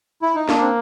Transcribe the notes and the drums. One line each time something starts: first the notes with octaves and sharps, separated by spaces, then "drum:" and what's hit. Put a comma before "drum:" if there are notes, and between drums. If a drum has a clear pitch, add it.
E4
D#4
A#3 D4, drum: snare
C4